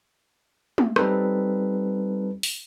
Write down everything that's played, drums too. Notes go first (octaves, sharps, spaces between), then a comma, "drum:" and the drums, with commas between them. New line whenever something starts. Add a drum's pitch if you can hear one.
drum: tom G#3
G3 C4 D#4 A4 B4, drum: rim click
drum: open hi-hat